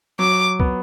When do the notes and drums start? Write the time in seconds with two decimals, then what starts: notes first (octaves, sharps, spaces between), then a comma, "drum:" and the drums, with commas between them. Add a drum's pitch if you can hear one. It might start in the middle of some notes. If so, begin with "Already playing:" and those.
0.19 F#3 D6
0.60 B3, drum: kick C2